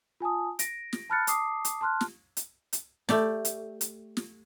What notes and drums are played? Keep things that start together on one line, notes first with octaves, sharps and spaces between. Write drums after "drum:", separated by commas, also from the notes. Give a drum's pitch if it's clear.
F4 G#5 A5 D#6
A#6 D7, drum: hi-hat
drum: snare
A5 B5 F6 F#6 A6 C#7
A5 D6 D#6 C7, drum: hi-hat
drum: hi-hat
A5 C6 F6 F#6
drum: snare
drum: hi-hat
drum: hi-hat
A3 G4 D5, drum: snare
drum: hi-hat
drum: hi-hat
drum: snare